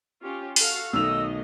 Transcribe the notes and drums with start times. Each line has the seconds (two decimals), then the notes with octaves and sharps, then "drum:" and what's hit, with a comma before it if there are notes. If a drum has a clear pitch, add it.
0.22 C#4 F4 G4
0.56 F#4 A4 F5, drum: open hi-hat
0.93 B1 D#3 A3 D#5 E6 F7